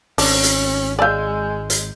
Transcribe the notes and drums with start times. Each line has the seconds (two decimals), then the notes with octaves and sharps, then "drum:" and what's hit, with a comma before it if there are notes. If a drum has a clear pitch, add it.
0.18 G#1 C#4 D4, drum: open hi-hat
0.43 drum: hi-hat
0.99 G#3 D5 F5 G#5 E6 G6
1.70 drum: hi-hat